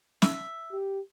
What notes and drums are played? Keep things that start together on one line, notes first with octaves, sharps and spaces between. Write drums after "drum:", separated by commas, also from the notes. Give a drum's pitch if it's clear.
E5, drum: snare
G4